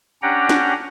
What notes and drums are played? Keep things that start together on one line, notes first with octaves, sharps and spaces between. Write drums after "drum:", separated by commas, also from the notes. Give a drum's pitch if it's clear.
C#4 D4 G4 F#5 G5 A#5
drum: snare